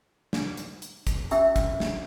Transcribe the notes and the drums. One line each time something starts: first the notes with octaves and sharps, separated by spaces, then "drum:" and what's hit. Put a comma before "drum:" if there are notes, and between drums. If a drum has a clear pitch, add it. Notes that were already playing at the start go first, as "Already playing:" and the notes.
drum: snare
drum: hi-hat
drum: hi-hat
drum: kick, hi-hat
C#4 G4 E5 E6, drum: hi-hat
drum: kick, hi-hat
drum: snare